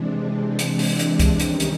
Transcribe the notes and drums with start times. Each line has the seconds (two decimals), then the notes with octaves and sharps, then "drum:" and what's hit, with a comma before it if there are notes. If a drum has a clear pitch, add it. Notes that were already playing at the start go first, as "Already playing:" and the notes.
Already playing: C3 E3 G#3 C4 D4
0.59 drum: hi-hat
0.79 drum: open hi-hat
0.99 drum: hi-hat
1.19 drum: kick C2, hi-hat
1.40 C3 D#3 G3 C#4 D#4, drum: hi-hat
1.60 drum: hi-hat